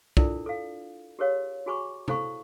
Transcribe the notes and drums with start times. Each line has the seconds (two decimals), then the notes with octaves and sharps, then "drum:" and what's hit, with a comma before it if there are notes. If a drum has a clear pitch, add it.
0.17 D4 E4 F4 A4 A#4 D5, drum: kick
0.46 A4 F5
1.19 G4 G#4 A#4 C#5 F5
1.66 F#4 G#4 G#5 B5 C#6 D6
2.08 E4 A4 C5 F5 B5 C#6, drum: tom